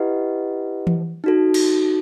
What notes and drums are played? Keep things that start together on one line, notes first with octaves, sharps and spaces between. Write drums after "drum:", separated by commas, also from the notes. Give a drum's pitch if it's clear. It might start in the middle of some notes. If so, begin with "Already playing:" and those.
Already playing: E4 G4 B4 D#5 F#5
drum: tom E3
D#4 F#4 A4
drum: cymbal